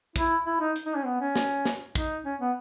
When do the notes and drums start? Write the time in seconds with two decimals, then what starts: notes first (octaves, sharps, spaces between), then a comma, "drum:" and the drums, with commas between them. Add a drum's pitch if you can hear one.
0.16 E4, drum: kick, hi-hat
0.46 E4
0.61 D#4
0.76 drum: hi-hat
0.86 D#4
0.96 C#4
1.05 B3
1.21 C#4
1.36 drum: snare
1.65 drum: snare
1.95 D#4, drum: kick
2.25 C#4
2.40 B3